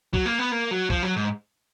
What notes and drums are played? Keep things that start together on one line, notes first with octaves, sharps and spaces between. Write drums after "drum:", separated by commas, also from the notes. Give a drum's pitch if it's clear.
F#3, drum: kick
A#3
B3
A#3
F#3
F3, drum: kick
F#3
G#2